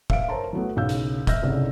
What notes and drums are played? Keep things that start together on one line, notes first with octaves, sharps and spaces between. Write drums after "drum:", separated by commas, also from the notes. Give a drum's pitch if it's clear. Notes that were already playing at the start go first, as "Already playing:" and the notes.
E5 F5 D7, drum: kick
A#4 C5 C#5 A5 A#5 C6
E3 F#3 A3 B3
F#1 B1 C#3 F5 E6 G6
drum: hi-hat
D#5 E5 E6 F6 G6 A#6, drum: kick, hi-hat
F1 C2 C#3 D5